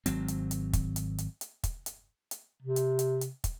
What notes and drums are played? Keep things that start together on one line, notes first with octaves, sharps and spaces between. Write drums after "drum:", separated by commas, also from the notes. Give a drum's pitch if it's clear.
G#1 F#3 C4, drum: hi-hat
drum: hi-hat
drum: hi-hat
drum: kick, hi-hat
drum: hi-hat
drum: hi-hat
drum: hi-hat
drum: kick, hi-hat
drum: hi-hat
drum: hi-hat
C3
drum: hi-hat
drum: hi-hat
drum: hi-hat
drum: kick, hi-hat